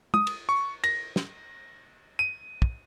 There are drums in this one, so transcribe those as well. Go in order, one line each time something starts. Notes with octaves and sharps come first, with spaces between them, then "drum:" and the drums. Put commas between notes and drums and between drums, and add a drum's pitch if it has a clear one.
D#6, drum: tom
drum: cymbal
C#6
A#6, drum: cymbal
drum: snare
D#7
drum: kick